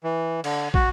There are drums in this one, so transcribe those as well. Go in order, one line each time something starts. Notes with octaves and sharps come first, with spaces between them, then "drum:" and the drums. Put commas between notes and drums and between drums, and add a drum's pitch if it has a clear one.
E3
D3, drum: cymbal
F#4, drum: kick